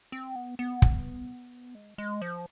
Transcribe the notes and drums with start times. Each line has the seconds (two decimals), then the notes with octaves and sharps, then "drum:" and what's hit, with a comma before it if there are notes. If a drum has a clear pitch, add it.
0.12 C4
0.36 B3
0.59 B3
0.82 drum: kick
1.75 G#3
1.98 G#3
2.22 F3